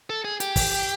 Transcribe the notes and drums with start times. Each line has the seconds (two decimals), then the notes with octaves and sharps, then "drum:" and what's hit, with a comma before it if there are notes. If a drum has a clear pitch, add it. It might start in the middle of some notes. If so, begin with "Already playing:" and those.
0.10 A4
0.25 G#4
0.40 G4, drum: hi-hat
0.56 drum: kick, open hi-hat